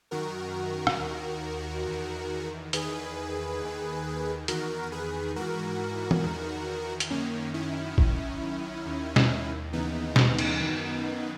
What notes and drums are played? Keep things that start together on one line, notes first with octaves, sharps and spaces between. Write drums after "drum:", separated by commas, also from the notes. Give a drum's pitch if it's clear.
F#2 D#3 F#4 A#4
drum: rim click
D#2 D#3
E2 D#3
E2 D#3 G#4 B4, drum: hi-hat
D#2 D#3
E2 D#3 F#4 A#4, drum: hi-hat
G#4 B4
G#2 E3 F#4 A#4
drum: tom E3
E2 D#3
drum: hi-hat
F#2 D#3 A#3 C#4
C#4 E4
F#2 D#3, drum: kick A1
D#2 D#3
drum: snare
D#2 C#3 E3 B3 D#4
drum: snare
drum: cymbal
F#2 D#3